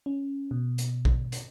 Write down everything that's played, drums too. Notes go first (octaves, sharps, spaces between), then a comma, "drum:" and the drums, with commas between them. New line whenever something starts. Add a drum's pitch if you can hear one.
C#4
B2
drum: hi-hat
drum: kick
drum: hi-hat